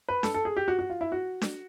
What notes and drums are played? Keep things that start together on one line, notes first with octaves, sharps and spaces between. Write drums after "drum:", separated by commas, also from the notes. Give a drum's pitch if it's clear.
B4
A4, drum: snare D4
A4
G#4
G4
F#4
F#4
F4
E4
F#4
drum: snare D4